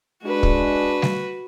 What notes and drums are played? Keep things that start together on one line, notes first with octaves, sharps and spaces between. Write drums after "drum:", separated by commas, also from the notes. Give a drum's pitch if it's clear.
G#3 D4 F#4 B4
drum: kick
drum: snare G3